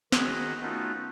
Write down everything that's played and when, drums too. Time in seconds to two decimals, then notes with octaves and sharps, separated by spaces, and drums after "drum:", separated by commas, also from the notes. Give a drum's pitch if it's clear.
0.12 D#3 F#4 G#4 D#5 B5, drum: snare
0.62 A3 B3 C#4 D#4 F4 F#4